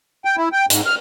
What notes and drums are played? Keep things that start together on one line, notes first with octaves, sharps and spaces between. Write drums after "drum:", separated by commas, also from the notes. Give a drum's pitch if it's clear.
G5
E4
G5
G#2, drum: hi-hat
F6